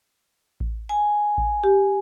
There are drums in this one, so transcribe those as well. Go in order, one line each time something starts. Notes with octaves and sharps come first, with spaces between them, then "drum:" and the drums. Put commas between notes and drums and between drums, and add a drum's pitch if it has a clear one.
drum: kick A1
G#5
drum: kick A1
G4